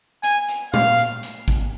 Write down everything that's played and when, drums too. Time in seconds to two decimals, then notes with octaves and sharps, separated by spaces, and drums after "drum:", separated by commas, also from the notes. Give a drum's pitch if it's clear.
0.23 G#5, drum: hi-hat
0.48 drum: hi-hat
0.74 F5, drum: tom A#2
0.98 drum: hi-hat
1.23 drum: hi-hat
1.48 drum: kick G#1, hi-hat